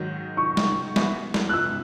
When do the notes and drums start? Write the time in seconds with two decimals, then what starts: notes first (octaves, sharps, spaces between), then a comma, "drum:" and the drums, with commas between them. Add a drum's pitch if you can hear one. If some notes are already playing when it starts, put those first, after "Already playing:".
Already playing: G#2 D#3 F#3
0.37 C#6
0.57 drum: snare
0.96 E3 B3 F#4, drum: snare
1.34 drum: snare
1.49 F#6
1.53 E6